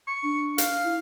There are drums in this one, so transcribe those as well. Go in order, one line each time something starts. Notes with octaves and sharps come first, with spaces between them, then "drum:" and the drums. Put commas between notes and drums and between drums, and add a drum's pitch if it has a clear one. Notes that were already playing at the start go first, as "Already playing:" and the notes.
C#6
D4
F5, drum: hi-hat
E4